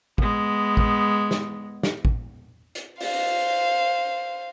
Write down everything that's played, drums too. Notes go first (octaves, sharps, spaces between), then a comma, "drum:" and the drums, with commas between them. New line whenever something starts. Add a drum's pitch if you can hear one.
G#3 B3, drum: kick
drum: kick
drum: snare
drum: snare
drum: kick
drum: hi-hat
C5 F5, drum: open hi-hat